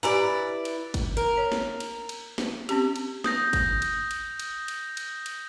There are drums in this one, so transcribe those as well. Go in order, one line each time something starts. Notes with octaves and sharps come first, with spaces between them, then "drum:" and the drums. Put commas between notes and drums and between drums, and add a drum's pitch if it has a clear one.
E4 G4 B4 D5 G#5 A#5
drum: cymbal
drum: kick, cymbal
A#4
C#5
drum: snare
drum: cymbal
drum: cymbal
drum: snare
C4 C#4 G4, drum: cymbal
drum: cymbal
D#6 G6 A#6, drum: snare
drum: kick, cymbal
drum: cymbal
drum: cymbal
drum: cymbal
drum: cymbal
drum: cymbal
drum: cymbal